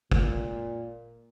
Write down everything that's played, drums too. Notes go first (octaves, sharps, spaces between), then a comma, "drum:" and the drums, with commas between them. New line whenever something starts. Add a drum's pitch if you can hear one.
A#2, drum: kick